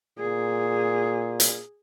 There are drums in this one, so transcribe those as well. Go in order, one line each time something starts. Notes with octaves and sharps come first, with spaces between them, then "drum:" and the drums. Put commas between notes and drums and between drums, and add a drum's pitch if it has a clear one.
A#2 G#4
drum: hi-hat